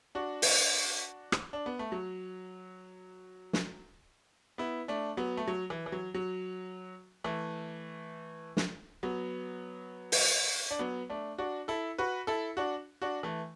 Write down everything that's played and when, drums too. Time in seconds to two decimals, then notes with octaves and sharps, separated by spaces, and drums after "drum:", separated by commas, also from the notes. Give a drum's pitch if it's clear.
0.15 D4 F#4
0.42 drum: open hi-hat
1.32 drum: rim click
1.53 D4
1.66 B3
1.79 A3
1.92 F#3
3.53 drum: snare
4.58 B3 E4
4.88 A3 D4
5.17 F#3 B3
5.37 A3
5.48 F#3
5.70 E3
5.86 E3
5.92 F#3
6.15 F#3
7.24 E3 A3
8.57 drum: snare
9.03 F#3 B3
10.12 drum: open hi-hat
10.71 D4
10.79 F#3 B3
11.10 A3 D4
11.38 D4 F#4
11.68 E4 A4
11.98 F#4 B4
12.27 E4 A4
12.57 D4 F#4
13.02 D4 F#4
13.23 E3 A3